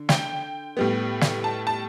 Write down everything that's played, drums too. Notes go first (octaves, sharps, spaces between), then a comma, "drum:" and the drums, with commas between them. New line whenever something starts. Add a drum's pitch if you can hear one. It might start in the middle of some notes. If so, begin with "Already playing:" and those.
Already playing: D3
G5, drum: snare
A2 G3 B3
drum: snare
A5
A5